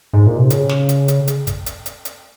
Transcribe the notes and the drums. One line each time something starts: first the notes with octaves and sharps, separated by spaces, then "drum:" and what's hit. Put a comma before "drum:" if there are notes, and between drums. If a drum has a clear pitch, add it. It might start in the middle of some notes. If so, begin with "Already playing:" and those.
G#2
A#2
C3
C#3, drum: hi-hat
drum: snare
drum: hi-hat
drum: hi-hat
drum: hi-hat
drum: kick, hi-hat
drum: hi-hat
drum: hi-hat
drum: hi-hat